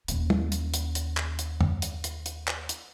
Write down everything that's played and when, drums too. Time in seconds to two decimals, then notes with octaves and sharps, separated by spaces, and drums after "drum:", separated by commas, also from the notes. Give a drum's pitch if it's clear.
0.08 D#2 C#4, drum: hi-hat
0.30 drum: tom
0.52 drum: hi-hat
0.74 drum: hi-hat
0.95 drum: hi-hat
1.17 drum: clap
1.39 drum: hi-hat
1.61 drum: tom F2
1.82 drum: hi-hat
2.04 drum: hi-hat
2.26 drum: hi-hat
2.47 drum: clap
2.69 drum: hi-hat